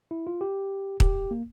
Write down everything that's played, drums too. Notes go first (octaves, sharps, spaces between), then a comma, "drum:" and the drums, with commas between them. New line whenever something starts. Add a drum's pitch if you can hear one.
E4
F4
G4
G4, drum: kick
A#3